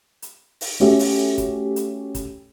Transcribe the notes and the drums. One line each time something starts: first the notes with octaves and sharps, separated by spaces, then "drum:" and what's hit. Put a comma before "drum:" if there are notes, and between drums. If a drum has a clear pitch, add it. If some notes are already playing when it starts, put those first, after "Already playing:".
drum: hi-hat
drum: open hi-hat
A3 C#4 F#4 G4 E5
drum: open hi-hat
drum: kick, hi-hat
drum: hi-hat
drum: kick, hi-hat